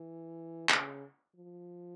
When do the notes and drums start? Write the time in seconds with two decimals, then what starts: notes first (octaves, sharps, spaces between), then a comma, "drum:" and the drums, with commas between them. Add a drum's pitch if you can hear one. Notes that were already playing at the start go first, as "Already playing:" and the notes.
Already playing: E3
0.69 C#3, drum: clap
1.36 F3